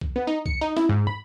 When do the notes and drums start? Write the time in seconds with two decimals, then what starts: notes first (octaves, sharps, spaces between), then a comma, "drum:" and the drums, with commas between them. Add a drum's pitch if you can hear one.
0.01 drum: kick
0.16 B3
0.27 D#4
0.46 C#7, drum: kick
0.61 D#4
0.77 E4, drum: snare C#4
0.89 G#2
1.07 B5